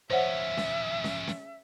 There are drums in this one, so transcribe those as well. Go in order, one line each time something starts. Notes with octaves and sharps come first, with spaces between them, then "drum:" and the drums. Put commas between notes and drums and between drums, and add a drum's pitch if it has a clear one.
F3 C#4 C5 C#5 E5 F#5
drum: snare C#4
drum: snare C#4
drum: snare C#4